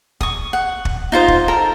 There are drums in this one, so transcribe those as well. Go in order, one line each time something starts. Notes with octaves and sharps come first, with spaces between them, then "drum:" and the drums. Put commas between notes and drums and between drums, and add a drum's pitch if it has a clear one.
C#6 D#6, drum: kick
F#5
drum: kick
D#4 F4 C5 D#5
drum: kick
A4 A#4 A#5